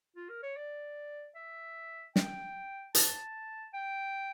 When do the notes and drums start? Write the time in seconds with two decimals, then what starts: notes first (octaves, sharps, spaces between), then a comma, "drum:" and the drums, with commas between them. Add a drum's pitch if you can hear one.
0.16 F4
0.29 A#4
0.43 C#5
0.56 D5
1.35 E5
2.16 G5, drum: snare
2.95 A5, drum: hi-hat
3.74 G5